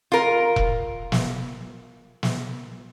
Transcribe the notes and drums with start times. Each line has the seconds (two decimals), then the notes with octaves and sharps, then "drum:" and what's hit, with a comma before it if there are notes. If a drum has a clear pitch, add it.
0.12 F4 A#4
0.56 drum: kick E1
1.12 drum: snare
2.23 drum: snare